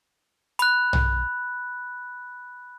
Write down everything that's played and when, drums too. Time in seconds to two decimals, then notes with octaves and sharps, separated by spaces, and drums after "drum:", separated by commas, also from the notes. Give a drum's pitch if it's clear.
0.59 B5 F#6, drum: hi-hat
0.93 drum: tom B1